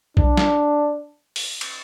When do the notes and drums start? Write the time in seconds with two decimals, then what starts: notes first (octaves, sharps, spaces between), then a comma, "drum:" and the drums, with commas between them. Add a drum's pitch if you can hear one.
0.17 D4, drum: kick A#1
0.37 drum: snare
1.36 drum: open hi-hat
1.61 drum: cymbal